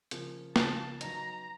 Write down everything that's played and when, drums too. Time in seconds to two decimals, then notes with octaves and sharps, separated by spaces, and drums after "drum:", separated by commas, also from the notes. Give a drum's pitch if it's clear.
0.11 C#3 F3 A#3, drum: hi-hat
0.56 C#3 F3 A#3 A5, drum: snare
1.01 F#3 B3 D#4 A#5, drum: hi-hat